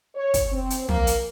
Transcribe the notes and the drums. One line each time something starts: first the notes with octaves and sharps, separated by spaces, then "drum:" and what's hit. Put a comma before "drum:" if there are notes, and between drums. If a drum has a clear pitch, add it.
C#5
drum: kick, hi-hat
C4
drum: hi-hat
A#3, drum: tom
drum: hi-hat